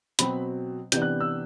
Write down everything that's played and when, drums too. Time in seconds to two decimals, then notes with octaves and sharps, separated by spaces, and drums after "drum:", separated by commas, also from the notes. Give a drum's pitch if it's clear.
0.19 B2 F#3 C4 B5, drum: hi-hat
0.92 C3 E3 B3 D4 G6, drum: hi-hat
1.02 F#6
1.20 E6